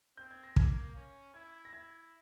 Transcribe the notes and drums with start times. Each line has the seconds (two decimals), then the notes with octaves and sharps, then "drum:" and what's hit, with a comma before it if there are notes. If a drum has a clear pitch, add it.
0.17 C4 G6
0.31 G#6
0.44 A#6
0.56 A#3 G#6, drum: kick
0.96 C#4
1.34 E4 G#6
1.65 A#6
1.73 E4 G#6